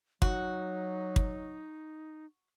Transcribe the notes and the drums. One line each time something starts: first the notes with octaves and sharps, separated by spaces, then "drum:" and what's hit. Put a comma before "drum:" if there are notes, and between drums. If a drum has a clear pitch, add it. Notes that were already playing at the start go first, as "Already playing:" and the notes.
F#3 D#4 F#4, drum: kick
drum: kick